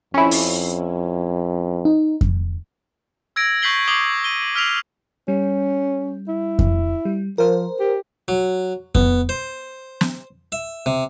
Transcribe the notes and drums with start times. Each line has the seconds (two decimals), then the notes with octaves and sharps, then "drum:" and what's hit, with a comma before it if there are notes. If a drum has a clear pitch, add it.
0.14 F2 C#4 E4
0.31 drum: open hi-hat
1.85 D#4
2.21 drum: kick F2
3.36 E6 G#6 A#6 D7
3.62 C#6 G6 B6 C7 F#7 G7
3.88 D6 D#6 C7 F#7 G7
4.24 D#7 G7
4.55 E6 F6 B6 C7 D7 F7
5.28 G3 C#4
6.28 E4
6.59 drum: kick F2
7.05 G3
7.38 F3 A#4 C5
7.80 G4
8.28 F#3
8.95 B3, drum: kick F2
9.29 C5
10.01 drum: snare
10.52 E5
10.86 C3